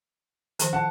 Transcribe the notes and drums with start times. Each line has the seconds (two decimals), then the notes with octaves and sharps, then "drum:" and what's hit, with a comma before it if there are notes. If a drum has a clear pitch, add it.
0.59 D#3 F3, drum: hi-hat
0.73 F#5 A5